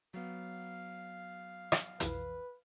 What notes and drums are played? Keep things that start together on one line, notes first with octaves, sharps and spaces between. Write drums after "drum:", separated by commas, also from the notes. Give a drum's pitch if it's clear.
F#3 B3 F5
drum: rim click
B1 F2 E3 B4, drum: hi-hat